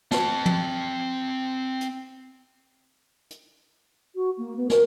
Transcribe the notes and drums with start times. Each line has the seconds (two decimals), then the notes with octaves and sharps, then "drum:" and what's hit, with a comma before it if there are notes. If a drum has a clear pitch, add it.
0.11 C4 A5, drum: snare
0.46 drum: tom
1.81 drum: hi-hat
3.30 drum: hi-hat
4.15 F#4
4.38 A#3
4.56 B3
4.70 A#4, drum: snare